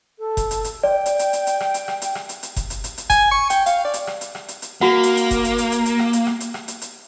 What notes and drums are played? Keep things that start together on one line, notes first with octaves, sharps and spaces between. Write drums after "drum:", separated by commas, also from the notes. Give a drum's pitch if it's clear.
A4
drum: kick F#1, hi-hat
drum: hi-hat
drum: hi-hat
D5 G5
drum: hi-hat
drum: hi-hat
drum: hi-hat
drum: hi-hat
drum: rim click
drum: hi-hat
drum: rim click
drum: hi-hat
drum: rim click
drum: hi-hat
drum: hi-hat
drum: kick F#1, hi-hat
drum: hi-hat
drum: hi-hat
drum: hi-hat
G#5, drum: kick F#1, hi-hat
C#6
G5, drum: hi-hat
F5, drum: hi-hat
D5
drum: hi-hat
drum: rim click
drum: hi-hat
drum: rim click
drum: hi-hat
drum: hi-hat
A#3 F#4 F#5
drum: hi-hat
drum: hi-hat
drum: kick F#1, hi-hat
drum: hi-hat
drum: hi-hat
drum: hi-hat
drum: hi-hat
drum: rim click
drum: hi-hat
drum: rim click
drum: hi-hat
drum: rim click
drum: hi-hat
drum: hi-hat